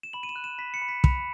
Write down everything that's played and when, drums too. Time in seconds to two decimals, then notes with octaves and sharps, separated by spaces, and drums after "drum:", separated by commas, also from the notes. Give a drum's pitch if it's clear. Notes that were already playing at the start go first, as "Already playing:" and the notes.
0.03 E7
0.13 B5 F#7
0.23 D#7
0.29 E7
0.36 F#6
0.44 E7
0.58 B5 B6
0.74 C#7
0.82 B5
0.89 B6
1.04 B5, drum: kick